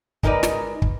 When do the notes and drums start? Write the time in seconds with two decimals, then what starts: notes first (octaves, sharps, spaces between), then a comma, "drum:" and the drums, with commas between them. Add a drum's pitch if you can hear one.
0.23 G#3 D#4 A#4 B4 D5, drum: kick
0.43 drum: snare
0.82 drum: kick